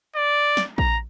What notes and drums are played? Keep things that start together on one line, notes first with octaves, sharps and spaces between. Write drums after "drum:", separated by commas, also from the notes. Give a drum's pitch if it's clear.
D5
drum: snare
A#5, drum: kick A#1